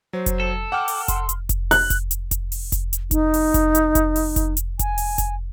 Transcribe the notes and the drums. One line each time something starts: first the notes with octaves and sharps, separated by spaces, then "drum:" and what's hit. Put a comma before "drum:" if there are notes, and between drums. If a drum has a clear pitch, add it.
F#3 C5
drum: kick F1, hi-hat
A4
F#5 G5 D6 F6
drum: open hi-hat
C6, drum: kick F1, hi-hat
drum: hi-hat
drum: kick F1, hi-hat
F#6, drum: open hi-hat
drum: kick F1, hi-hat
drum: hi-hat
drum: kick F1, hi-hat
drum: open hi-hat
drum: kick F1, hi-hat
drum: hi-hat
D#4, drum: kick F1, hi-hat
drum: open hi-hat
drum: kick F1, hi-hat
drum: hi-hat
drum: kick F1, hi-hat
drum: open hi-hat
drum: kick F1, hi-hat
drum: hi-hat
G#5, drum: kick F1, hi-hat
drum: open hi-hat
drum: kick F1, hi-hat